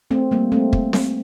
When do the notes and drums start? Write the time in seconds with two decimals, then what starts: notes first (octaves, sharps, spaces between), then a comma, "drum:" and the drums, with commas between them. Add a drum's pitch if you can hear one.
0.11 A3 C4
0.31 G3 A#3
0.52 A3 C4
0.73 drum: kick
0.93 drum: snare C4